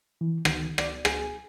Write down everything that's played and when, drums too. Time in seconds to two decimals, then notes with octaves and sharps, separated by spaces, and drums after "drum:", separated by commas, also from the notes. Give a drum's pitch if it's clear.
0.21 E3
0.45 D#3, drum: rim click
0.78 D5, drum: rim click
1.05 G#4, drum: rim click